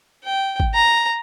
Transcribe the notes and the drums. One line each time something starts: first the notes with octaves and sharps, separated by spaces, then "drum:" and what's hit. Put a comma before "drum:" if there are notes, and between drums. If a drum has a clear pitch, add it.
G5
drum: kick
A#5